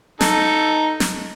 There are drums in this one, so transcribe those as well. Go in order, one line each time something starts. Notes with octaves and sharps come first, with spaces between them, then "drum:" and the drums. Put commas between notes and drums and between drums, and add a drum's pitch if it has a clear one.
D#4 A4, drum: snare
drum: snare